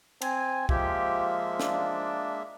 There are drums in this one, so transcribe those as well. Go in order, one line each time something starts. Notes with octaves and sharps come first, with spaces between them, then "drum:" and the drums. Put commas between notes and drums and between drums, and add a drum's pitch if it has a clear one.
C4 G#5, drum: cymbal
F3 G#3 A#3 G4 E5, drum: kick
D4, drum: snare